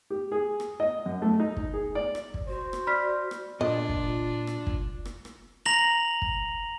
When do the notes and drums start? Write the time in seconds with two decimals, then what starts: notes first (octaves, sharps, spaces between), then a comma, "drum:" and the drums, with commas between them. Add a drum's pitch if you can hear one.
0.10 G4
0.32 G#4
0.60 drum: rim click
0.80 D#5
1.06 F#2
1.22 A3
1.40 D#4
1.57 drum: kick
1.74 G#4
1.95 D5
2.15 drum: rim click
2.34 drum: kick
2.48 F#4 C5
2.73 drum: rim click
2.87 D5 B5 F6 B6
3.31 drum: rim click
3.61 A#2 D4 F4 D#5
3.89 drum: kick
4.47 drum: rim click
4.67 drum: kick
5.05 drum: rim click
5.25 drum: rim click
5.66 A#5 A#6 F7 F#7, drum: rim click
6.22 drum: kick